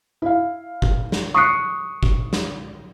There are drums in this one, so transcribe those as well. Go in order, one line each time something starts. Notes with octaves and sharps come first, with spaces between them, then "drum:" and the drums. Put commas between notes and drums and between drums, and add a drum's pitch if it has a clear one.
E4 F5
drum: kick
drum: snare
C#6 D#6 F#6 C7 C#7
drum: kick
drum: snare